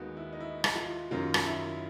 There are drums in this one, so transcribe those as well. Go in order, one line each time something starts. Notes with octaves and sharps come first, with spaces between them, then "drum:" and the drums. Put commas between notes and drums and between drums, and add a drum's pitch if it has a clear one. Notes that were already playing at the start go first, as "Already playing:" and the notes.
Already playing: D#2 D#3 G#3 B3 F#4
E4
D#4
E4
drum: rim click
F4
F#2 D#3 F#3 F4
drum: rim click
E4